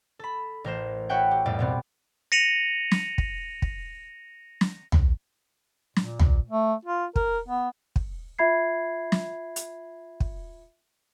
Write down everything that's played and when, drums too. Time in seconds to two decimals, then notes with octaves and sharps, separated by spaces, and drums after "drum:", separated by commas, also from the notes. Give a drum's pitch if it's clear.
0.19 A4 B5
0.64 A1 A#4 C5 E7
1.09 F#4 B4 C#5 E5 F#5 G5
1.31 G4
1.46 A#1 F2 A2 G3 D5
1.59 B2 B3 C4
2.32 A#6 C#7 D#7 F7 F#7
2.91 drum: snare
3.18 drum: kick
3.62 drum: kick
4.61 drum: snare
4.92 drum: tom
5.96 A#2, drum: snare
6.19 drum: tom
6.48 A3
6.85 F4
7.16 A#4, drum: kick
7.48 B3
7.96 drum: kick
8.39 F4 E5 B5 G#6 C7
9.12 drum: snare
9.56 drum: hi-hat
10.20 drum: kick